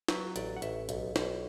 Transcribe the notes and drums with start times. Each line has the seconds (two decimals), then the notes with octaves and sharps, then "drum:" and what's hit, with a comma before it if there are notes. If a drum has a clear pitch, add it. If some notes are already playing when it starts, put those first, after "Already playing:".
0.08 F#3 B4, drum: snare
0.36 A1 D5, drum: hi-hat
0.56 F#5
0.62 A1 E5, drum: hi-hat
0.89 B1, drum: hi-hat
1.16 B1, drum: snare